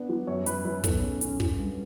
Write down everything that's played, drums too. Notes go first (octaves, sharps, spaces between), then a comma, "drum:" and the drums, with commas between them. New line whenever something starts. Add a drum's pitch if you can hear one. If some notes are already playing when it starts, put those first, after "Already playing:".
Already playing: B3 D4
F#3
F#2 C#5
F#2 B4, drum: hi-hat
F#2 B4
B1 A4, drum: kick, hi-hat
C#4
C#4, drum: hi-hat
F#3, drum: kick
G2